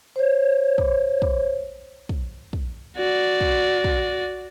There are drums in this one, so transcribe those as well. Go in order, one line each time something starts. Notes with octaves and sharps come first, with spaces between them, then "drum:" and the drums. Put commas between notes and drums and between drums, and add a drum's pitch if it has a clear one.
C5 C#5
drum: kick
drum: kick
drum: kick
drum: kick
F#4 D5
drum: kick
drum: kick